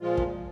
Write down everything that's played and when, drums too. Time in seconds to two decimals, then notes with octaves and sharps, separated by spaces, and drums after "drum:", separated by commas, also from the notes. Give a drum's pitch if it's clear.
0.01 A#2 F3 G#3 F4
0.17 drum: kick